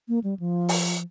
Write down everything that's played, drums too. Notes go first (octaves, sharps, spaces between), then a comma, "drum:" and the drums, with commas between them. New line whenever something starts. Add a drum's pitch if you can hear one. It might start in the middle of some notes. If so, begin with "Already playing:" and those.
A#3
G3
F3
drum: open hi-hat